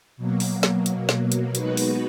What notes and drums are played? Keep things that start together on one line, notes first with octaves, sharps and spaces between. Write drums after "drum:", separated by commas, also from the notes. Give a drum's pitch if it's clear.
B2 F#3 A#3
drum: open hi-hat
drum: snare
drum: hi-hat
drum: snare
drum: hi-hat
G#3 B3 D#4 F#4 B4, drum: hi-hat
drum: open hi-hat